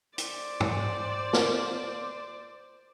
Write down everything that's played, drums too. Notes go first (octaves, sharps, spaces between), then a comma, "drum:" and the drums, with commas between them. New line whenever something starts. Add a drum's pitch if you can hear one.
C5 D5, drum: hi-hat
drum: tom
drum: snare